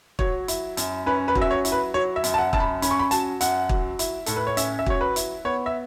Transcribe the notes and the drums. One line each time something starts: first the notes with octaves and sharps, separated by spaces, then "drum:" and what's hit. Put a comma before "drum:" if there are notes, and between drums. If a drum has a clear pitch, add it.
F#3 C#5, drum: kick
E4, drum: hi-hat
F#2, drum: hi-hat
C#4 B4
B4
F#3, drum: kick
E5
C#5
E4, drum: hi-hat
B4
F#3 C#5
E5
F#2, drum: hi-hat
A5
F#5
F#2 A5, drum: kick
B5
C#4 B5, drum: hi-hat
C#6
B5
F#3 A5, drum: hi-hat
F#2 F#5, drum: hi-hat
F#3, drum: kick
E4, drum: hi-hat
A2 A4, drum: hi-hat
B4
C#5
C#4 E5, drum: hi-hat
E5
F#3 C#5, drum: kick
B4
E4, drum: hi-hat
B3 C#5
E5